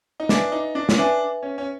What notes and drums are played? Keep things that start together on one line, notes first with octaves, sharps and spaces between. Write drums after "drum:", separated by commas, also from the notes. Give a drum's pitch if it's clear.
D#4
D4 B4 E5 G#5, drum: snare
D#4
D4
C#4, drum: snare
D4 B4 E5 G#5
C#4
C#4